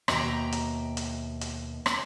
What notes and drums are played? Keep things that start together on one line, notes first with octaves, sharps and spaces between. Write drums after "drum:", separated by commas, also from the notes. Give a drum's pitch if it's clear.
D#2 B2 E5 F5 G5 A#5, drum: rim click
drum: hi-hat
drum: hi-hat
drum: hi-hat
drum: rim click